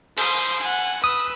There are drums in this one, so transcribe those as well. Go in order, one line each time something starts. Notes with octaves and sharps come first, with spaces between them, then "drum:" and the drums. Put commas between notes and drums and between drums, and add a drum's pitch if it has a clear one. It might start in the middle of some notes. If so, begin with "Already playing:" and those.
C5 D#6, drum: cymbal
F#5 G#5
B4 D#6 E6